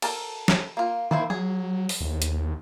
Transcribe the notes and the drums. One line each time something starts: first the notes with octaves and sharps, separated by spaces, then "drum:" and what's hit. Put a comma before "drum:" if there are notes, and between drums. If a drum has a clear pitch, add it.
A4 A#4 A5, drum: cymbal
drum: snare
A#3 F4
D#3 A#3 E4 C5
F#3 G#4
drum: open hi-hat
D#2
drum: hi-hat